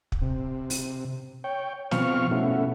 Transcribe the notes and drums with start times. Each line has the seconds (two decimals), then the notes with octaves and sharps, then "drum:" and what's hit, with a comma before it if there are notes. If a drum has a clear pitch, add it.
0.12 drum: kick
0.22 C3
0.70 drum: open hi-hat
1.44 C#5 G5
1.91 B2 F3 C4 F5 C#6 F6, drum: snare
2.31 B2 A3 C#4 E4 F#4